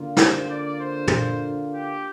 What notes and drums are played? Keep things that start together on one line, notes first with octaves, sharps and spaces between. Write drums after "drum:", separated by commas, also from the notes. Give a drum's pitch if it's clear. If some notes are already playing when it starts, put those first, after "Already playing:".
Already playing: D3 A#3 F4
C5, drum: snare
D5
C5
drum: tom
G4